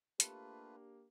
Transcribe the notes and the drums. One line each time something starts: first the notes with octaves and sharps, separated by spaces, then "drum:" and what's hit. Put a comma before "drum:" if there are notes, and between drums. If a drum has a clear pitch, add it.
A3 A#3 D4 F4 G4 B4, drum: hi-hat